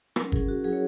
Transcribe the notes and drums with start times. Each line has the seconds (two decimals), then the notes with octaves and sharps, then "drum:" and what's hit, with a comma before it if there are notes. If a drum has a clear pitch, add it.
0.16 F#3 C#4 E4 A#4, drum: rim click
0.32 G#4, drum: kick G1
0.48 F#4
0.64 F#3 C#4 E4 G#4
0.73 C#5